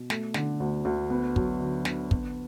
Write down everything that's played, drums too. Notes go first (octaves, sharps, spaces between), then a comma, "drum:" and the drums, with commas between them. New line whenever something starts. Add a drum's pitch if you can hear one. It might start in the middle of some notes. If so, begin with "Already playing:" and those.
Already playing: B2
A3, drum: snare
D3, drum: snare
D2
D2
B3
F#3, drum: kick
D3
D3, drum: snare
B3, drum: kick